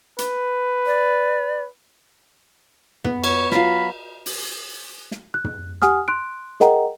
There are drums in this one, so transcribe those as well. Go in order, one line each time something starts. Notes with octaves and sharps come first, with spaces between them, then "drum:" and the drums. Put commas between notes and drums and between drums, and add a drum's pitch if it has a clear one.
B4, drum: hi-hat
D5
B3, drum: tom
C#5, drum: cymbal
F#3 F4 B5, drum: snare
drum: open hi-hat
drum: snare
F#6
drum: tom
G4 F#5 G#5 D#6 F6, drum: snare
C6 F#6 D7
G#4 A#4 D#5 F#5 G5 A#5, drum: snare